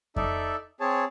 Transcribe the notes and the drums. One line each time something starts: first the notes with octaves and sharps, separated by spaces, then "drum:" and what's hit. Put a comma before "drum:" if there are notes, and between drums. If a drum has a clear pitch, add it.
D#4 A4 D5 E5, drum: kick F2
C4 G#4 C#5 A5